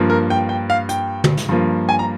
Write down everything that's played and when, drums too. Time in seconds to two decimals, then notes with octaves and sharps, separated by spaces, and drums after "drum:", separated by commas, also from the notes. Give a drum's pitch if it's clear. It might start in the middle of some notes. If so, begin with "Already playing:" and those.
Already playing: G2 F3 A#3
0.10 A#4
0.30 G5
0.49 G5
0.70 F5
0.89 G5, drum: hi-hat
1.24 drum: tom
1.37 drum: snare
1.49 G2 F3 A#3
1.89 G#5
1.99 A#5